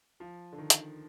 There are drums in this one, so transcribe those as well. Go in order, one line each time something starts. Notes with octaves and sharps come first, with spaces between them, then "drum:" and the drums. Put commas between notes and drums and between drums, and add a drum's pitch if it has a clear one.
F3
D3
D#3
drum: hi-hat